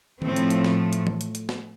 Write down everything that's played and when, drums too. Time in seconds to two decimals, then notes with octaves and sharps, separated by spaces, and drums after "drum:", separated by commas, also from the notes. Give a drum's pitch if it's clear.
0.22 A2 F3 A3 C4, drum: tom D#3
0.36 drum: hi-hat
0.50 drum: hi-hat
0.65 drum: snare
0.93 drum: hi-hat
1.07 drum: tom
1.21 drum: hi-hat
1.35 drum: hi-hat
1.49 drum: snare